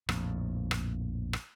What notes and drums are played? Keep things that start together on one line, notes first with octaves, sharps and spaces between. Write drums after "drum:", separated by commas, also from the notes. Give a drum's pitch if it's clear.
A#1 F2 A2, drum: rim click
drum: rim click
drum: rim click